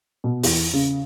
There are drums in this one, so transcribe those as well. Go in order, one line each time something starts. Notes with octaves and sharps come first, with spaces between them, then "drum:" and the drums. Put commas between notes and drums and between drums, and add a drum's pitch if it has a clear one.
B2
E2, drum: open hi-hat
C#3